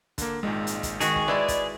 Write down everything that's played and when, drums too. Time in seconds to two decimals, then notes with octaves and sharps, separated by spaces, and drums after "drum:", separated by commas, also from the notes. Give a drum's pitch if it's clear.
0.18 D3 A#3, drum: kick, hi-hat
0.43 G#1 A#2 D#3 G#3
0.67 drum: hi-hat
0.83 drum: kick, hi-hat
1.00 G#1 D#3 F#4 G#4, drum: hi-hat
1.16 drum: kick
1.28 G#3 E4 B4 D5 B5
1.48 drum: kick, hi-hat